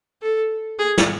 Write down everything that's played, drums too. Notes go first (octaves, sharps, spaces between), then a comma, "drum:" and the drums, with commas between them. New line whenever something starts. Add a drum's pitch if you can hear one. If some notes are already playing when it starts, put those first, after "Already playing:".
A4
G#4
drum: snare